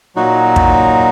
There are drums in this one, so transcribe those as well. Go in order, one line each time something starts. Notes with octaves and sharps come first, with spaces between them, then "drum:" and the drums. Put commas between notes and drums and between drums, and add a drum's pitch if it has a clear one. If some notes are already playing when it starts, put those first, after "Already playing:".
A#2 F#3 D#4 F#4
drum: kick